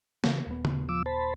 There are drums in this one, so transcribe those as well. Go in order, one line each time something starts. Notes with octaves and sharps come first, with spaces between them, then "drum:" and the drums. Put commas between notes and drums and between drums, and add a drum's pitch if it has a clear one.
C#3 E3, drum: snare
D#1 B3
drum: tom C#3
F3 D6 E6
C5 A5 B5